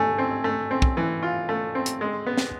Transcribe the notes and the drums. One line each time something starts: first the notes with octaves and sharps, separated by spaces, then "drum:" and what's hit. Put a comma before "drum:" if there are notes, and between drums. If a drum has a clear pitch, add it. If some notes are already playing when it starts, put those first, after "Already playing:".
Already playing: A3 G#5
C4
A3
C4
drum: kick
E3
F4
A3
C4
drum: hi-hat
G#3
B3
drum: snare